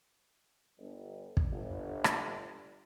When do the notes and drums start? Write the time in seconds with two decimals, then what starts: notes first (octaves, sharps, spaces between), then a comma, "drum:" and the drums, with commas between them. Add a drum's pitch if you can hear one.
0.79 G1
1.37 drum: kick
1.51 G1
2.04 drum: rim click